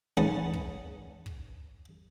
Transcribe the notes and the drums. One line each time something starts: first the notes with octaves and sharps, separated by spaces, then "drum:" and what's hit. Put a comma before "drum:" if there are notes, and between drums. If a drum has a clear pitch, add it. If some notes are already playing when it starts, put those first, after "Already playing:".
G#2 C#4 B4 F#5 A5
drum: kick
drum: kick